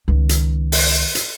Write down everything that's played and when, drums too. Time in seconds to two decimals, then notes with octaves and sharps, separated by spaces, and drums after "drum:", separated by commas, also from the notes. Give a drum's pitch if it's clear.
0.08 C#2 D#3
0.29 drum: hi-hat
0.72 drum: open hi-hat
1.15 drum: hi-hat